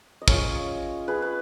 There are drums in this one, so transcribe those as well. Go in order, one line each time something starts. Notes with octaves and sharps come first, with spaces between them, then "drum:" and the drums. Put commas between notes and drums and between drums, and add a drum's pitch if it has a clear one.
D#5
G#3 C#4 F4 A#4 C#5, drum: kick
G#4 B4
B4